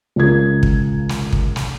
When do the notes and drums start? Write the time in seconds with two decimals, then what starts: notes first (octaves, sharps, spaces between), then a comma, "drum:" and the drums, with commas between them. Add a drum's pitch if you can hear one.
0.16 C#2 C#3 A#4 G#6
0.63 drum: kick
1.09 drum: snare
1.33 drum: kick
1.56 drum: snare